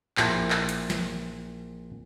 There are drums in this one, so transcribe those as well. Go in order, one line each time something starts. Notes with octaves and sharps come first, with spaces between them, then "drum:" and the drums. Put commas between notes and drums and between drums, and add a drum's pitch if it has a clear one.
A#1 A#2 E4 A5, drum: clap
drum: clap
drum: hi-hat
drum: snare